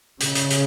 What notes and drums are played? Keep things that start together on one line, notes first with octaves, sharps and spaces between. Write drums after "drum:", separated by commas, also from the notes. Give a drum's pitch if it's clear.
C#3, drum: hi-hat
drum: hi-hat
drum: hi-hat